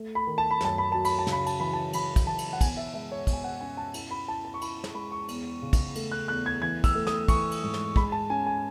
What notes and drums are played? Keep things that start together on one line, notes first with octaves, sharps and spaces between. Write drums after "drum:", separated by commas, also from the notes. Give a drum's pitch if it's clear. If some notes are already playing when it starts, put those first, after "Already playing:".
Already playing: A3
B5
D#3
A5
B5
F#2 A5, drum: snare
B5
F#3 A5
B5, drum: cymbal
A5
C#3, drum: snare
B5
A5, drum: cymbal
E3 B5
A5
E3 B5, drum: cymbal
drum: kick, cymbal
E3 A5
drum: cymbal
F#5
B2 G#5, drum: kick, cymbal
E5
G#3 E5
C#5
B2, drum: kick, cymbal
G#5
F#5
C#4 G#5
A5
E4 A5, drum: cymbal
B5
E4 A5
A5
C#6
E4 B5, drum: cymbal
drum: snare
G#3 B5
C#6
E2, drum: cymbal
C#3
drum: kick, cymbal
A3, drum: cymbal
F#6
E2 F#6
G#6
E3 G#6
E6, drum: kick, cymbal
A3
D#6, drum: snare
E3 C#6, drum: kick, cymbal
drum: cymbal
G#2
drum: snare
G#3 B5, drum: kick
A5
C#4 G#5
G#5